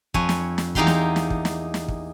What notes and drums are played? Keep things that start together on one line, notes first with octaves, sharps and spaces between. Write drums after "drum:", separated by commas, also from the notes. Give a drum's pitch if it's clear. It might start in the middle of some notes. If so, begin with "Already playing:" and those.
F2 C#5 G#5, drum: kick
drum: snare
drum: snare
E2 A#3 D#4 G4 F5 C6, drum: kick
drum: snare
drum: snare
drum: kick
drum: snare
drum: snare
drum: kick